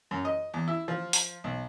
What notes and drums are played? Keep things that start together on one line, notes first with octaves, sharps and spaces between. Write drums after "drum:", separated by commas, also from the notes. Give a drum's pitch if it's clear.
F#2
D#5
E2
E4
F3
drum: open hi-hat
B1